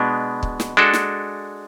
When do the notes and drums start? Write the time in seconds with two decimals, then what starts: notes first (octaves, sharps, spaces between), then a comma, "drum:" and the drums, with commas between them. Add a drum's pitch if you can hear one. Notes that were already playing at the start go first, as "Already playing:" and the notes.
Already playing: B2 G#3 B3 D4
0.43 drum: kick
0.60 drum: snare
0.77 G#3 D4 F#4 A4
0.93 drum: snare